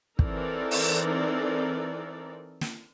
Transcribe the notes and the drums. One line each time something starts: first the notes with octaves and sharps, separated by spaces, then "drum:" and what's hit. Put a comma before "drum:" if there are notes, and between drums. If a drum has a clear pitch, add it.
E3 C4 D#4 A4 A#4 D5, drum: kick
drum: open hi-hat
drum: snare